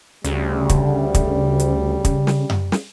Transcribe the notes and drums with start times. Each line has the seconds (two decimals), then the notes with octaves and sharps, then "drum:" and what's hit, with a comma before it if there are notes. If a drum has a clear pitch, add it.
0.24 D2 C#3 G3, drum: hi-hat
0.69 drum: kick, hi-hat
1.14 drum: kick, hi-hat
1.60 drum: hi-hat
2.05 drum: kick, hi-hat
2.27 drum: snare
2.50 drum: tom F#2
2.72 drum: snare